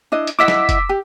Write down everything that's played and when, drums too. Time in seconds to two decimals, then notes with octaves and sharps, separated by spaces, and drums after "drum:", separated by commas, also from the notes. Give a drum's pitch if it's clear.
0.12 D4 E4 D#5
0.27 drum: hi-hat
0.39 E4 D#5 F#5 D6 E6 B6
0.48 drum: snare
0.69 drum: kick F1, hi-hat
0.89 G4